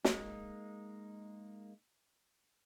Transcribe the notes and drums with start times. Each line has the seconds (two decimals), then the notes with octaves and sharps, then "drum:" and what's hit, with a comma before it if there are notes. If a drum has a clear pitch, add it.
0.05 G#3 A#3 D#4, drum: snare